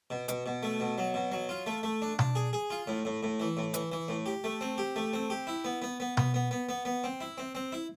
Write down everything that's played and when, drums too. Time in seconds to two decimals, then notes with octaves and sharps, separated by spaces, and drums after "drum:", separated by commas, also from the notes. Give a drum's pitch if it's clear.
0.10 B2
0.28 B2, drum: hi-hat
0.46 B2
0.63 A3
0.80 B2
0.98 F#3
1.14 B2
1.32 F#3
1.49 F4
1.67 A3
1.83 A3
2.02 D4
2.19 D4, drum: tom B2
2.35 G#4
2.53 G#4
2.70 F4
2.87 A2
3.05 A2
3.23 A2
3.40 E3
3.57 A2
3.74 E3, drum: hi-hat
3.92 E3
4.08 A2
4.26 G4
4.44 A3
4.61 C4
4.78 G4
4.96 A3
5.13 C4
5.30 G4
5.47 E4
5.65 B3
5.82 B3
6.00 B3
6.17 B3, drum: tom B2
6.34 B3
6.51 B3
6.69 B3
6.85 B3
7.04 C4
7.21 E4
7.38 C4
7.55 C4
7.72 E4